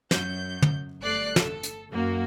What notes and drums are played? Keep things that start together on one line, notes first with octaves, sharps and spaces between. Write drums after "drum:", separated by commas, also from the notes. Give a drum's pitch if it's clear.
F#2 G6, drum: snare
drum: tom
G1 A3 D5 F#6 C7
A4, drum: snare
drum: hi-hat
F#2 A#3 F#4